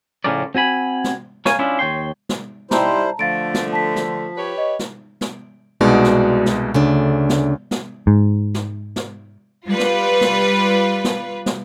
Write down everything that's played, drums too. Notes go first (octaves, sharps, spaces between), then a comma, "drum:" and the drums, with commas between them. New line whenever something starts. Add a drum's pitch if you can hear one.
A2 C#3 F3 C#4 A#4 D5
C4 F#4 G#5 B5
drum: snare
A#4 C#5 F5 G#5, drum: snare
C#4 D4 E4 F4
D#2 C#5 G5 C6
drum: snare
G3 C4 D#4 E4 G4 C5 A5 A#5, drum: snare
D3 F3 A3 F5 A6 D7
drum: snare
A5 B6
drum: snare
G4 B4 C#5
D#5
drum: snare
drum: snare
C2 B2 G#3 D#4 F#4 D5
drum: snare
drum: snare
D2 C#3 A3 D4
drum: snare
drum: snare
G#2
drum: snare
drum: snare
G3 F4 B4
drum: snare
drum: snare
drum: snare
drum: snare